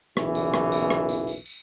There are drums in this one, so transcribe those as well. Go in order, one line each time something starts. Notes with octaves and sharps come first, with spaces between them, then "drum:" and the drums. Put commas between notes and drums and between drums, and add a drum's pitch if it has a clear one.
B1 E2 A#2 C#3 E3, drum: rim click
drum: tambourine
drum: rim click
drum: tambourine
drum: rim click
drum: tambourine
drum: tambourine
drum: tambourine